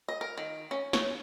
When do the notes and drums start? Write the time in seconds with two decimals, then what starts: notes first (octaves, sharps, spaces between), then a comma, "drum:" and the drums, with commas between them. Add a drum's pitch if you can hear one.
0.08 D#5
0.21 A#4
0.37 D#3
0.71 C#4
0.93 C#5, drum: snare